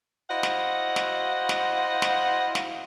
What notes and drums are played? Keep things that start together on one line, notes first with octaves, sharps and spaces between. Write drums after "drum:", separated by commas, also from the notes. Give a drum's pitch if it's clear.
E4 F#4 C5 D#5 F5 F#5
drum: snare
drum: snare
drum: snare
drum: snare
drum: snare